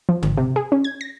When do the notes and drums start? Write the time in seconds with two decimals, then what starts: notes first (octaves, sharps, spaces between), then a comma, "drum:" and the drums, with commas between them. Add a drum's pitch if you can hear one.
0.09 F3
0.23 G#1, drum: tom C#3
0.37 C3
0.56 G#4
0.72 C#4
0.84 G#6
1.01 A#6